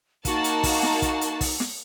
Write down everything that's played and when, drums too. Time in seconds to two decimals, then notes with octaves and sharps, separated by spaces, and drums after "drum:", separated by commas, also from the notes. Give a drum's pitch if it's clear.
0.25 A#3 D#4 F#4 A5, drum: kick, hi-hat
0.44 drum: hi-hat
0.63 drum: kick, open hi-hat
0.83 drum: snare
1.02 drum: kick, hi-hat
1.21 drum: hi-hat
1.41 drum: kick, open hi-hat
1.60 drum: snare